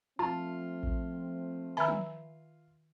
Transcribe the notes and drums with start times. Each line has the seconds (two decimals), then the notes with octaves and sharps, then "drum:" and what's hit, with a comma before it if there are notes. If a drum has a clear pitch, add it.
0.19 F3 A3 C4 F4 A5
0.83 drum: kick A1
1.77 D#3 E5 G#5 B5 E6
1.88 drum: tom